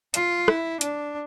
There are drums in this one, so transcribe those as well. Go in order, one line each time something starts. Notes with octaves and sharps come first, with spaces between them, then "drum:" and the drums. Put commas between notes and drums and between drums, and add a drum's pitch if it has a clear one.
F4, drum: hi-hat
E4, drum: rim click
D4, drum: hi-hat